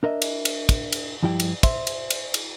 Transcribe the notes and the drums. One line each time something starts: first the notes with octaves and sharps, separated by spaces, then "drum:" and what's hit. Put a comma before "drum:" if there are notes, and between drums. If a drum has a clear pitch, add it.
D4 A#4 D#5 E5
drum: cymbal
drum: cymbal
drum: kick, cymbal
drum: cymbal
G2 F3 E4 G4 G5
drum: cymbal
C5 E5 C6, drum: kick, cymbal
drum: cymbal
drum: cymbal
drum: cymbal